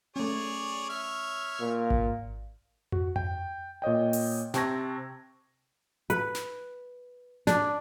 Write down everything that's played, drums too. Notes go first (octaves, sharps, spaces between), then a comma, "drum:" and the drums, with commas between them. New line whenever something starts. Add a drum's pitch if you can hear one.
A3 C#4 G#4 C#5 D5
C#5 E5 F6
A#2
drum: kick G#1
F#4, drum: tom F2
G5, drum: tom F2
A#2 C#5 D#5 G5
drum: open hi-hat
C3 C4 A5 C#6 G#6 A#6, drum: snare
B4, drum: hi-hat
drum: snare
D4, drum: snare